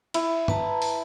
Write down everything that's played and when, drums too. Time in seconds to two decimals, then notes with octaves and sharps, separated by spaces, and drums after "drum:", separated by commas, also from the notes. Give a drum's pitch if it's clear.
0.14 E4, drum: cymbal
0.48 B4 A5 A#5, drum: tom G2
0.82 drum: open hi-hat